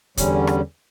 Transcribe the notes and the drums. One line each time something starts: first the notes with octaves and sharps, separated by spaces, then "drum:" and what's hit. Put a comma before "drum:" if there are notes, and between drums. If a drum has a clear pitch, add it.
E2 D3 G3 C#4, drum: kick, hi-hat
drum: rim click